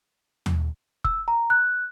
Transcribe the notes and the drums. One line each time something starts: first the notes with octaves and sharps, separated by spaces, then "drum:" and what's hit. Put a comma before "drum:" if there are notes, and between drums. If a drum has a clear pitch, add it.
drum: tom D#2
E6, drum: kick
A#5
F#6